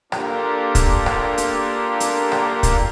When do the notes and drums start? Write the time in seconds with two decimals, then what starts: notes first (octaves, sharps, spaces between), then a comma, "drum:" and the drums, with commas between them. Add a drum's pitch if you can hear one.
0.12 A#3 D4 F4 G4 A4 A#4, drum: rim click
0.75 drum: kick, hi-hat
1.06 drum: rim click
1.38 drum: hi-hat
2.00 drum: hi-hat
2.32 drum: rim click
2.63 drum: kick, hi-hat